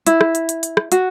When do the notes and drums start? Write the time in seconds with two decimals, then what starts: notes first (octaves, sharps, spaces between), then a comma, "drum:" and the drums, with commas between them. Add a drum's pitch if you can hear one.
0.07 E4, drum: hi-hat
0.21 drum: rim click
0.35 drum: hi-hat
0.49 drum: hi-hat
0.63 drum: hi-hat
0.77 drum: rim click
0.92 F#4, drum: hi-hat